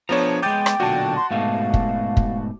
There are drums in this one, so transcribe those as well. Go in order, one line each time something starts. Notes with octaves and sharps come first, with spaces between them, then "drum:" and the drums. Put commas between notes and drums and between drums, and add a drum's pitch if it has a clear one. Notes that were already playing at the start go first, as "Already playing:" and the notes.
F3 B3 D4 G#4 C#5 A#5
G#3 B3 G5 D6 G6 A6
drum: rim click
B1 A#2 D3 F#4 A5
C6
G#2 B2 A3 F5
drum: kick
drum: kick